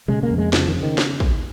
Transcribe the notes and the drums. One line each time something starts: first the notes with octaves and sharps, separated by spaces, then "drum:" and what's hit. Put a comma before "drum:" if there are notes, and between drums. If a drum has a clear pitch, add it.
C#3 G#3, drum: tom A#2
A#3
F2
G#3
C#3 F3, drum: snare
D#3
C#3
D#3
drum: snare
drum: kick